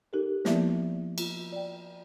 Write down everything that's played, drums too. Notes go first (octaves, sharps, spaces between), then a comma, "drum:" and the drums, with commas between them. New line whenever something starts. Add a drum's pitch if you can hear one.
D#4 G4 A4 A#4
F3 A#3 B3 E4 D5 E5, drum: snare
F4, drum: cymbal
D5 G5